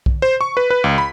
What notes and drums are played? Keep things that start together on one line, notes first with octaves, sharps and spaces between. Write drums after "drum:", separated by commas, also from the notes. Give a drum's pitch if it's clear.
drum: kick B1
C5
C#6
B4
B4
C#2
B5